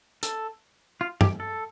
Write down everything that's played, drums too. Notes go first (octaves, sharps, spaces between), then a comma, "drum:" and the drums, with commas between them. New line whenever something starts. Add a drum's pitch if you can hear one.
A4, drum: hi-hat
F4
G4, drum: tom
A4